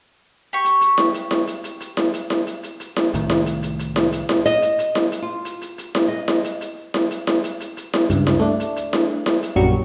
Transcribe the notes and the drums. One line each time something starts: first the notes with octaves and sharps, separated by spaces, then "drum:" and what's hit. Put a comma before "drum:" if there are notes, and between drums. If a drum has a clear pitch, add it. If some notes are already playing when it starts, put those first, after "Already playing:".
G4 C#6
drum: hi-hat
drum: hi-hat
drum: snare E4
drum: hi-hat
drum: snare E4
drum: hi-hat
drum: hi-hat
drum: hi-hat
drum: snare E4
drum: hi-hat
drum: snare E4
drum: hi-hat
drum: hi-hat
drum: hi-hat
drum: snare E4
C2 A2 D#3, drum: hi-hat
drum: snare E4
drum: hi-hat
drum: hi-hat
drum: hi-hat
drum: snare E4
drum: hi-hat
drum: snare E4
D#5, drum: hi-hat
drum: hi-hat
drum: hi-hat
drum: snare E4
drum: hi-hat
F4
drum: hi-hat
drum: hi-hat
drum: hi-hat
drum: snare E4
D#5
drum: snare E4
drum: hi-hat
drum: hi-hat
drum: snare E4
drum: hi-hat
drum: snare E4
drum: hi-hat
drum: hi-hat
drum: hi-hat
drum: snare E4
C#2 G2, drum: hi-hat
drum: snare E4
A3 D4
drum: hi-hat
drum: hi-hat
drum: snare E4
drum: snare E4
drum: hi-hat
A#1 F#2 F#3 G3 C#6